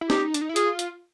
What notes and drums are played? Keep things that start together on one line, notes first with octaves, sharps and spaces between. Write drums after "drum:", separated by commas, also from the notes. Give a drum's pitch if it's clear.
E4
D#4 G4, drum: snare C#4
D4, drum: hi-hat
D#4
E4
F4 G#4, drum: hi-hat
drum: hi-hat